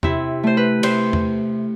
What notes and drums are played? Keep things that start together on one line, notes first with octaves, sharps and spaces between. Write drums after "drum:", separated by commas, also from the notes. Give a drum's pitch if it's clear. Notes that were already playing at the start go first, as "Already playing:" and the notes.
C3 E4, drum: tom E2
A3 C5
B4
C3 C5, drum: cymbal
drum: tom E2